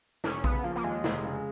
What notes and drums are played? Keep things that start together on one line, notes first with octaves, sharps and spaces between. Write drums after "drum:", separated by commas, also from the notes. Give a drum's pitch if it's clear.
F1 C#4, drum: snare
C#3 B3, drum: kick A#1
F3 A#3
A#3
D#2 G#3
F1, drum: snare
C#3